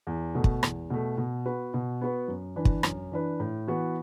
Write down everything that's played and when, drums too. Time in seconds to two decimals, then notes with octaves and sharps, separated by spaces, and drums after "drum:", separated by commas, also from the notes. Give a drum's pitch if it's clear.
0.07 E2
0.35 B2 A3
0.44 drum: kick
0.63 E2, drum: rim click
0.90 B2 A3
1.18 B2
1.46 B3 F#4 B4
1.74 B2
2.01 B3 F#4 B4
2.28 F#2
2.56 E3 D4 B4
2.65 drum: kick
2.83 F#2, drum: rim click
3.12 E3 D4 B4
3.40 A2
3.67 E3 B3 F#4